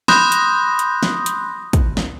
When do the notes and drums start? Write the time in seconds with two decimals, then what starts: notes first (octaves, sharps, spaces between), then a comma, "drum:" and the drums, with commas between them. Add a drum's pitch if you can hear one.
0.08 B5 C6 D#6 F#6 G6 A#6, drum: snare
0.32 drum: hi-hat
0.79 drum: hi-hat
1.03 drum: snare
1.26 drum: hi-hat
1.73 drum: kick, hi-hat
1.97 drum: snare